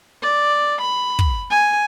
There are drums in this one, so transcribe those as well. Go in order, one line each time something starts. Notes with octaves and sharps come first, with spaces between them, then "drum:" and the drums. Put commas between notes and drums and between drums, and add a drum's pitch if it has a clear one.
D5
B5
drum: kick
G#5